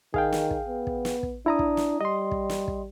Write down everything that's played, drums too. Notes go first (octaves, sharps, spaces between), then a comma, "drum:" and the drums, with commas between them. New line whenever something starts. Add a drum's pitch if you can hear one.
D#3 G#4 F5 G5, drum: kick
drum: snare
drum: kick
B3
drum: kick
drum: snare
drum: kick
D4 E4 A#5 D#6
drum: kick
drum: snare
G3 D#5 C6
drum: kick
drum: snare
drum: kick